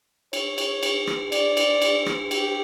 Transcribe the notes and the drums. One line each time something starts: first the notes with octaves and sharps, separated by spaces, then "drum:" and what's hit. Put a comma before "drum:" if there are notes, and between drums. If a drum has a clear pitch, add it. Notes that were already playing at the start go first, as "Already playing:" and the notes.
C#5, drum: cymbal
drum: cymbal
drum: cymbal
drum: rim click
D5, drum: cymbal
drum: cymbal
drum: cymbal
drum: rim click
G4, drum: cymbal